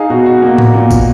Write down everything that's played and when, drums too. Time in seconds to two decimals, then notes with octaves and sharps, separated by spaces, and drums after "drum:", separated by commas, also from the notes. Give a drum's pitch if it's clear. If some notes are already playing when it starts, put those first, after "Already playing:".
Already playing: D#4 G#4 F5
0.10 B2 F#4
0.26 F#4
0.42 A#3
0.58 drum: tom A2
0.74 A#2
0.90 drum: kick, tambourine